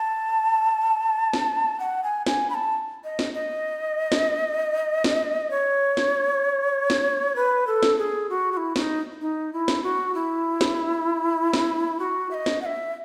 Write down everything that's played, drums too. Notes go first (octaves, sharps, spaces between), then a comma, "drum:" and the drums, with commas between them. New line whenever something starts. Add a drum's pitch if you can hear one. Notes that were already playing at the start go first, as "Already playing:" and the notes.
Already playing: A5
drum: snare
F#5
G#5
G#5, drum: snare
B5
A5
D#5
drum: snare
D#5
drum: snare
drum: snare
C#5
drum: snare
drum: snare
B4
A4
drum: snare
G#4
F#4
F#4
E4
E4, drum: snare
D#4
D#4
E4
drum: snare
F#4
E4
drum: snare
drum: snare
F#4
E5
D#5
drum: snare
F#5
E5